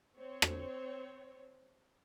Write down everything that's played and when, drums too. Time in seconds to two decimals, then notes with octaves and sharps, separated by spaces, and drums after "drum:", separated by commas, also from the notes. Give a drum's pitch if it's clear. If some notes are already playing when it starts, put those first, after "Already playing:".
0.18 C4 C#5
0.42 drum: rim click